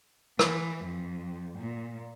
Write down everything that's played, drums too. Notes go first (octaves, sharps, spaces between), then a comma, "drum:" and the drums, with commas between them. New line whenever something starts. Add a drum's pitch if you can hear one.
E3, drum: rim click
F2
A#2